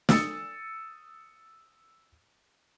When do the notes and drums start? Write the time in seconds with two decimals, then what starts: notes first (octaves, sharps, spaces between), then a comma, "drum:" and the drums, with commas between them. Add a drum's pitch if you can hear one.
0.09 D#6 E6 A6 C#7, drum: snare